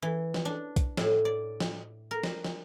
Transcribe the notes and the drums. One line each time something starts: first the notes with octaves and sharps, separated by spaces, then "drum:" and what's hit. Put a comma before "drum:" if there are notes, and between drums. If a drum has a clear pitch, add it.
E3
drum: snare
D4
drum: kick, hi-hat
A2, drum: snare
D5
drum: snare
A#4
drum: snare
drum: snare